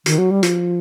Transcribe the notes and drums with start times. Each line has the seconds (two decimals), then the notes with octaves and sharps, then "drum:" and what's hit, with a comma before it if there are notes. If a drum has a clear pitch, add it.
0.06 D#3, drum: hi-hat
0.18 F#3
0.31 G3
0.43 F3, drum: hi-hat